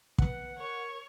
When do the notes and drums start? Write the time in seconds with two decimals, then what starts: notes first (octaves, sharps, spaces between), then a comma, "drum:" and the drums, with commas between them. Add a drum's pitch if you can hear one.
0.18 B4 F#5, drum: kick
0.58 A#4 C#5